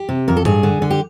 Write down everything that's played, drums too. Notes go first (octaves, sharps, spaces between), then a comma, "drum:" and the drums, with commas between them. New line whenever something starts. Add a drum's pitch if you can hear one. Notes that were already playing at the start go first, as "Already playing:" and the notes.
Already playing: G4
C3
F2 A#4
A4
G2 G#4, drum: tom A2
D3
D3
G4